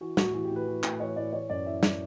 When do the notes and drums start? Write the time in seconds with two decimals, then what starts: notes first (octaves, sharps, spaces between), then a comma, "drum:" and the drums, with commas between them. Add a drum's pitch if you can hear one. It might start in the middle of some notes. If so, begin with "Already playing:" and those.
0.01 E3 F#4
0.17 A2 F#4, drum: snare
0.34 E3 F#4
0.45 G4
0.51 A2 B4
0.67 E3
0.83 A2, drum: clap
1.00 E3 C#5
1.16 A2 D5
1.33 E3 C#5
1.50 F#2 D5
1.66 E3 E5
1.83 D5, drum: snare